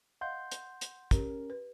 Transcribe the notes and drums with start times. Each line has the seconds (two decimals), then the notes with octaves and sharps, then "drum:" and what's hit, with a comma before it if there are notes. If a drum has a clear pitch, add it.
0.21 D#5 F5 F#5 C6 G6
0.52 drum: hi-hat
0.81 drum: hi-hat
1.11 C#4 G4 A#4, drum: kick, hi-hat
1.50 B4